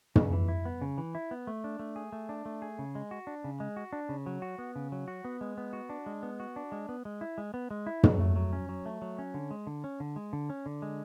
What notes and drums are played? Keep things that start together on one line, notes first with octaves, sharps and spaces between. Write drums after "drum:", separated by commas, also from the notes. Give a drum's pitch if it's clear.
C#3, drum: tom
E3
E4
B3
C#3
E3
E4
B3
A3
D4
A3
G#4
A3
D4
A3
G#4
C#3
G#3
F#4
D4
C#3
G#3
F#4
D4
C#3
F#3
F#4
B3
C#3
F#3
F#4
B3
G#3
B3
F#4
D4
G#3
B3
F#4
D4
G#3
B3
G#3
E4
G#3
B3
G#3
E4
F#3, drum: tom
A3
F#3
C#4
F#3
A3
F#3
C#4
D3
G#3
D3
C#4
D3
G#3
D3
C#4
D3
G#3